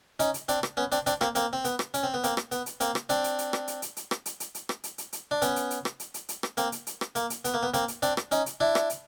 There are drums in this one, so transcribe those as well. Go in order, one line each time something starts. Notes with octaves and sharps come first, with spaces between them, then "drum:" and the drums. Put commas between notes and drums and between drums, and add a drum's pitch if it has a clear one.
C#4 D#4, drum: hi-hat
drum: hi-hat
C4 D4, drum: hi-hat
drum: rim click
B3 C#4
C4 D4, drum: hi-hat
C4 D4, drum: hi-hat
A#3 C4, drum: rim click
A#3 C4, drum: hi-hat
C4
B3, drum: hi-hat
drum: rim click
C#4, drum: hi-hat
C4
B3
A#3 C4, drum: hi-hat
drum: rim click
B3, drum: hi-hat
drum: hi-hat
A#3 C4, drum: hi-hat
drum: rim click
C4 D4, drum: hi-hat
drum: hi-hat
drum: hi-hat
drum: rim click
drum: hi-hat
drum: hi-hat
drum: hi-hat
drum: rim click
drum: hi-hat
drum: hi-hat
drum: hi-hat
drum: rim click
drum: hi-hat
drum: hi-hat
drum: hi-hat
D4
B3 C#4, drum: hi-hat
drum: hi-hat
drum: hi-hat
drum: rim click
drum: hi-hat
drum: hi-hat
drum: hi-hat
drum: rim click
A#3 C4, drum: hi-hat
drum: hi-hat
drum: hi-hat
drum: rim click
A#3, drum: hi-hat
drum: hi-hat
B3, drum: hi-hat
A#3
B3
A#3 C4, drum: hi-hat
drum: hi-hat
C4 D4, drum: hi-hat
drum: rim click
C#4 D#4, drum: hi-hat
drum: hi-hat
D4 E4
drum: rim click
drum: hi-hat